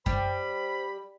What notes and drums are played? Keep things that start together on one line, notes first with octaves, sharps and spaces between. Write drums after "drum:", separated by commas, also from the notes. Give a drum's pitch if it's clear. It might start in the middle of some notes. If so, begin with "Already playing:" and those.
G3 C5 B5, drum: kick F#2